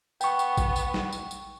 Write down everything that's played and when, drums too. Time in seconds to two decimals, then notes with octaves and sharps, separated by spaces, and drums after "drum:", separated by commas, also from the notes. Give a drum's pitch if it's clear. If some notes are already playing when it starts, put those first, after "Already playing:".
0.21 B3 G5 C#6, drum: tambourine
0.39 drum: tambourine
0.57 drum: kick A1, tambourine
0.76 drum: tambourine
0.94 drum: snare
1.13 drum: tambourine
1.31 drum: tambourine